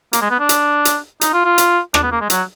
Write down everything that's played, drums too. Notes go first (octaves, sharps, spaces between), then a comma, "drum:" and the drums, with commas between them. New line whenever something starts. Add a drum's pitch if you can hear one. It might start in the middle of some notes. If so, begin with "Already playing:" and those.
A#3, drum: hi-hat
G#3
B3
D4
drum: hi-hat
drum: hi-hat
D#4, drum: hi-hat
F4
F4
drum: hi-hat
D4, drum: rim click
B3
A#3
G#3
F#3, drum: hi-hat